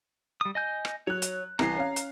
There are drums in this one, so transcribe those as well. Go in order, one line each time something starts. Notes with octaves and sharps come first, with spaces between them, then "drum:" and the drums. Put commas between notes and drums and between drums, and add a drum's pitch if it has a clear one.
G3 D#6
D#5 G#5 G6
drum: rim click
F#3 C#5 F#6
drum: hi-hat
C2 E3 A#5 C7, drum: rim click
C#4 F5
drum: hi-hat